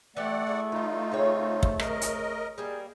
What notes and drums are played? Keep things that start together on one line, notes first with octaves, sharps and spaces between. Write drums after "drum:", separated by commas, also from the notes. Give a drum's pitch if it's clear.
E3 A3 G4 D5 F#5
E4 G4 G#4
E3 G3 D#4 F4
C#3 C4 C#5
drum: kick
A#4 D#5, drum: rim click
drum: hi-hat
G3 A#3 G#4